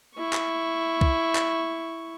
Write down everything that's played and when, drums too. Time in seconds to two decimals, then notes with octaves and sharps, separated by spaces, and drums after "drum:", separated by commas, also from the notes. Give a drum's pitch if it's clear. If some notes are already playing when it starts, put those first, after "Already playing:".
0.16 E4 C#6
0.33 drum: clap
1.01 drum: kick
1.35 drum: clap